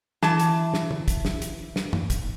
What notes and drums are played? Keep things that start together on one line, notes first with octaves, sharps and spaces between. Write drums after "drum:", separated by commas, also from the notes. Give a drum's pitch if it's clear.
E3 A5, drum: snare
drum: hi-hat
drum: snare
drum: tom
drum: kick, hi-hat
drum: snare
drum: hi-hat
drum: snare
drum: tom
drum: kick, hi-hat